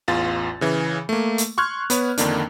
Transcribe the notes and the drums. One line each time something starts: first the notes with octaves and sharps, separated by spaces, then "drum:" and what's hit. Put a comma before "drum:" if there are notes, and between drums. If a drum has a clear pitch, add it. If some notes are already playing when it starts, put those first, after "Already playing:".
A1 E2 F4 A6
C#3 E3
A3 A#3
drum: hi-hat
C6 C#6 F6 F#6 G#6
B3 B4 C#5, drum: hi-hat
F2 D3 D#3 A#3 D4, drum: hi-hat